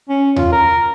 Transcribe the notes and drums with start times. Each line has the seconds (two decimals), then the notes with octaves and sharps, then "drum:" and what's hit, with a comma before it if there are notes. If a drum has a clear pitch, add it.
0.09 C#4
0.36 F4, drum: tom D#2
0.52 A#4